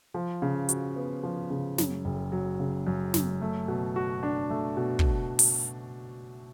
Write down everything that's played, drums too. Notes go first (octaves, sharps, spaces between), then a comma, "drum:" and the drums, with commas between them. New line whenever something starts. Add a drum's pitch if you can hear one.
F3
C#3
F#4, drum: hi-hat
B3
F3
C#3
F#2, drum: snare
F#1
F#3
C#3
F#2
F#1, drum: snare
A3
B2
F#4
D4
A3
B2
drum: kick
drum: open hi-hat